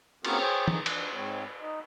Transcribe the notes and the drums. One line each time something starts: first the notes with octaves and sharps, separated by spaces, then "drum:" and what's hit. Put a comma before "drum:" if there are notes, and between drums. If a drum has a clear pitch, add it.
A#3 C4 C#4 F#4 G#4 A#4, drum: cymbal
G#4 C5 C#5 G5
D3 D#3 F3 D#4 G#4, drum: tom E3
D4, drum: cymbal
G#2 G#3 C4 C#5
D#4 D#5